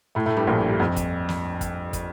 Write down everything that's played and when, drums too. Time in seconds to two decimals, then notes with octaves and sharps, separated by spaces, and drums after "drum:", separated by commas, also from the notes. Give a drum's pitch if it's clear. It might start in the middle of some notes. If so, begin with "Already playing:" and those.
0.15 A2 A3
0.26 A2 A3
0.37 G2 G3
0.47 A#1 A#2
0.70 G2
0.80 F2
0.96 drum: kick, hi-hat
1.29 drum: snare
1.61 drum: kick, hi-hat
1.93 drum: kick, hi-hat